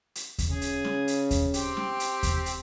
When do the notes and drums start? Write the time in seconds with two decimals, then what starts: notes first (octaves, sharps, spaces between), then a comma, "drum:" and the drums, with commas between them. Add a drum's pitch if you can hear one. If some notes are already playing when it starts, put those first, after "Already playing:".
0.15 drum: hi-hat
0.38 drum: kick D#2, hi-hat
0.49 C#3 G#4
0.62 drum: hi-hat
0.85 drum: snare
1.08 drum: hi-hat
1.31 drum: kick D#2, hi-hat
1.54 C4 G4, drum: hi-hat
1.77 drum: snare
2.00 drum: hi-hat
2.23 drum: kick D#2, hi-hat
2.46 drum: hi-hat